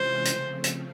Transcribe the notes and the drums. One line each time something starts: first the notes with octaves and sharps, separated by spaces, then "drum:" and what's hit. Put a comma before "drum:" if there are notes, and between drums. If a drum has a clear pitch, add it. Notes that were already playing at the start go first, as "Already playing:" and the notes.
Already playing: C3 E3 G#3 C#4 F4 C5
C#3 F3 A3 C4, drum: hi-hat
drum: hi-hat